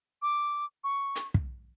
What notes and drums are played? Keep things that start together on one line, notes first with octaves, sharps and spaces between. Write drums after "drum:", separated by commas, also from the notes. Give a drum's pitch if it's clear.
D6
C#6
drum: hi-hat
drum: kick